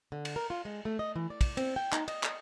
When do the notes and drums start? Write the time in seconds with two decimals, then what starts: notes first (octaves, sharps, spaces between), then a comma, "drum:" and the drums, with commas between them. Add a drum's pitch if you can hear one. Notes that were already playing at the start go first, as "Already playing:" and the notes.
0.12 D3
0.25 drum: cymbal
0.36 A#4
0.50 F4
0.65 G#3
0.85 A3
0.99 D#5
1.16 E3
1.30 D5
1.41 drum: kick, cymbal
1.57 C4, drum: cymbal
1.76 G5
1.92 D#4, drum: clap
2.08 D#5, drum: cymbal
2.23 drum: clap